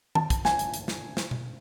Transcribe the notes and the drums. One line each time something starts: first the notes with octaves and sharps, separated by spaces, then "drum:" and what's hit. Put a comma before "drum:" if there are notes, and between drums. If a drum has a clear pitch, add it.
A5, drum: tom D#3
drum: kick, hi-hat
G#5, drum: snare
drum: hi-hat
drum: hi-hat
drum: snare
drum: snare
drum: tom B2